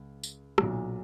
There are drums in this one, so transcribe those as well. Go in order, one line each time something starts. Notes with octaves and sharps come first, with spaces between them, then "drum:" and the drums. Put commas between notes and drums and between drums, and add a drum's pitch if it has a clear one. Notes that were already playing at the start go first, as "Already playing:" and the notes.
Already playing: C#2
drum: tambourine
B1 A#2 F#3, drum: rim click